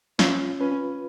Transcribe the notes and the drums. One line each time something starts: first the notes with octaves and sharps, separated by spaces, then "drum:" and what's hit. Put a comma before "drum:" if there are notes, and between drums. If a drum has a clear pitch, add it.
C#4 F4, drum: snare
C#4 B4